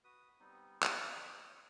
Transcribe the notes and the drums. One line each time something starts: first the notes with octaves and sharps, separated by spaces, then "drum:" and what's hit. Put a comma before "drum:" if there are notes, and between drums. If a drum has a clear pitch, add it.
F#4 B4 D#6
G3 B3 C4 D#4
F5, drum: clap
F#4 G#4
C#5